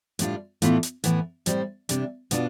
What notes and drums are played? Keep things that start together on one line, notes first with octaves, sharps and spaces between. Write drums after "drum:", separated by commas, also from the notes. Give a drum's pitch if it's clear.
A2 G3 D4 F4, drum: hi-hat
A2 E3 B3 D4 F4, drum: hi-hat
drum: hi-hat
A2 E3 B3, drum: hi-hat
A2 G3 C4, drum: hi-hat
C3 G3 D4, drum: hi-hat
B2 B3 D4 F4, drum: hi-hat